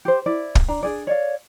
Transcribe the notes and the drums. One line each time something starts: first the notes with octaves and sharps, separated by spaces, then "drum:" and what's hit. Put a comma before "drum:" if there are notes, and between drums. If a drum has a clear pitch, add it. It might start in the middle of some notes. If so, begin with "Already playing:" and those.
G4 C5
E4 D5
drum: kick
D4 A#5
D4 G#4 D5
C#5 D5 F5